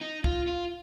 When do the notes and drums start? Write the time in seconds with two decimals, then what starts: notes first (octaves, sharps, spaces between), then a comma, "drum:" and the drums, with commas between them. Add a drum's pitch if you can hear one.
0.01 D#4
0.24 F4, drum: kick
0.47 F4